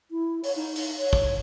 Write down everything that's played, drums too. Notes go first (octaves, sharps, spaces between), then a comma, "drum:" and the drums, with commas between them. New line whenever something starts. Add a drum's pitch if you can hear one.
E4
C#5, drum: open hi-hat
D#4
drum: open hi-hat
C#5
drum: kick